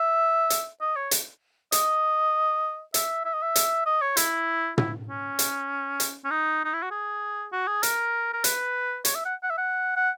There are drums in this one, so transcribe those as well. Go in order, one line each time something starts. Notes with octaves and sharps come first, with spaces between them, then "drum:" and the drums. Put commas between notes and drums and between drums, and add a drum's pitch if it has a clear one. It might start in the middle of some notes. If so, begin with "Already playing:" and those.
Already playing: E5
drum: hi-hat
D#5
C#5
drum: hi-hat
D#5, drum: hi-hat
E5, drum: hi-hat
E5
D#5
E5
drum: hi-hat
D#5
C#5
E4, drum: hi-hat
E4, drum: tom
C#4
drum: hi-hat
drum: hi-hat
C#4
D#4
D#4
E4
F#4
G#4
F#4
G#4
A#4, drum: hi-hat
A#4
B4, drum: hi-hat
C#5, drum: hi-hat
E5
F#5
F#5
E5
F#5
F#5